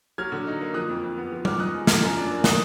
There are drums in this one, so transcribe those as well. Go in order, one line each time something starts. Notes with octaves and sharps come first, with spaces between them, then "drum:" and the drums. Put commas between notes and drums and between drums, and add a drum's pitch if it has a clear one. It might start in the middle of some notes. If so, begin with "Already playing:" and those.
F#3 F6 G#6
D3
D#4
A#3
F3 D#6 F#6
F2
F2
B3
F3
F#2 D6 F6, drum: tom
D#4 D#6 F#6
G#3
F3 F6 G#6, drum: snare
F#2
D4
A#3
D#3 D#6 F#6, drum: snare